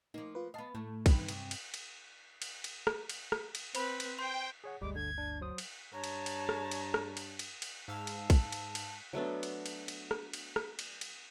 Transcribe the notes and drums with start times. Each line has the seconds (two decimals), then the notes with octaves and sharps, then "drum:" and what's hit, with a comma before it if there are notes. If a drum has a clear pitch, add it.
0.14 F3 A#3 D#4
0.35 F4 B4
0.54 B3 D#5 F5 A5
0.75 A2 A3
1.06 G2 C3 D#3 E3, drum: kick, cymbal
1.28 F#2 C3, drum: cymbal
1.51 drum: cymbal
1.74 drum: cymbal
2.42 drum: cymbal
2.64 drum: cymbal
2.87 drum: rim click
3.09 drum: cymbal
3.32 drum: rim click
3.55 drum: cymbal
3.75 C4 B4 C5 B5, drum: cymbal
4.00 drum: cymbal
4.19 C5 G5 C6
4.64 G#4 C#5 F#5
4.81 G1 D2 G3 G#3 D6
4.95 D3 G#6
5.18 D4
5.41 F#3 C5 D#6
5.58 drum: cymbal
5.93 G2 C#5 A5 A#5
6.04 drum: cymbal
6.26 drum: cymbal
6.49 drum: rim click
6.71 drum: cymbal
6.94 drum: rim click
7.17 drum: cymbal
7.39 drum: cymbal
7.62 drum: cymbal
7.88 G#2 F5 A5 E6
8.07 drum: cymbal
8.30 drum: kick, cymbal
8.52 drum: cymbal
8.75 drum: cymbal
9.13 F#3 A3 B3 D4
9.43 drum: cymbal
9.66 drum: cymbal
9.88 drum: cymbal
10.11 drum: rim click
10.33 drum: cymbal
10.56 drum: rim click
10.79 drum: cymbal
11.01 drum: cymbal